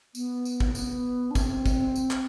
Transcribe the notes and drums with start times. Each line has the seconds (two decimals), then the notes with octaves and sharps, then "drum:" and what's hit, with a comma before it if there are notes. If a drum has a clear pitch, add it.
0.15 B3, drum: tambourine
0.45 drum: tambourine
0.60 drum: kick
0.75 B3, drum: tambourine
1.31 D4
1.35 C4, drum: kick, tambourine
1.66 drum: kick, tambourine
1.96 drum: tambourine
2.11 drum: clap